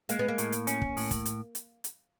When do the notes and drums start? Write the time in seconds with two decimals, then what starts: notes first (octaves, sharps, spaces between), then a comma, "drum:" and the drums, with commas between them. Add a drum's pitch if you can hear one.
0.09 G#3 A#3, drum: hi-hat
0.19 B3
0.28 A#3
0.38 A2, drum: hi-hat
0.52 drum: hi-hat
0.67 C#4, drum: hi-hat
0.82 drum: kick
0.97 A2, drum: open hi-hat
1.11 drum: kick, hi-hat
1.25 drum: hi-hat
1.55 drum: hi-hat
1.84 drum: hi-hat